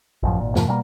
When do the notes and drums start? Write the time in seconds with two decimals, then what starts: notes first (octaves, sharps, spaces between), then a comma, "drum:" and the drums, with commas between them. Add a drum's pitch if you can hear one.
0.23 A1 F#2 F3
0.40 G#1 A#2
0.55 F2 G#2 C3 F3, drum: snare
0.68 B2 G3 G#3 A#3